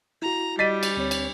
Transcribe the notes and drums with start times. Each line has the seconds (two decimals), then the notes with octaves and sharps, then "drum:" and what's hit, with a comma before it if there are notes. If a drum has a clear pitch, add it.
0.22 E4 F#4 A#5
0.59 G3 D#5 A6 B6 D#7
0.83 drum: cymbal
0.97 D2 C4 C#5
1.11 drum: cymbal